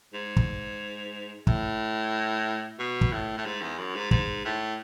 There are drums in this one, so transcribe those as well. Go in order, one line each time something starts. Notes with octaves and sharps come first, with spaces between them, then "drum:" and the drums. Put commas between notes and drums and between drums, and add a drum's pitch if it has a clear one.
G#2
drum: kick
A2, drum: kick
B2
drum: kick
A2
A2
G#2
E2
F#2
G#2
G#2, drum: kick
A2